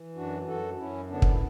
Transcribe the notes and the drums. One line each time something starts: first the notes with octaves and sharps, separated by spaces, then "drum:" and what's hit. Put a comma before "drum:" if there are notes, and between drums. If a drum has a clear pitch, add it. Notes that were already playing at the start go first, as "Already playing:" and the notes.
Already playing: E3
F#2 D4 F#4
F#2 F#4 A4
F#2 C#4 E4
D3 B3 D4
drum: kick
E4